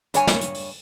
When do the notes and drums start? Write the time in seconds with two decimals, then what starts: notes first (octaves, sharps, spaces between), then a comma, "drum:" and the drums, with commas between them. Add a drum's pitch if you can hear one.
0.14 G2 C#5 G#5, drum: hi-hat
0.27 drum: snare
0.41 drum: hi-hat
0.54 drum: open hi-hat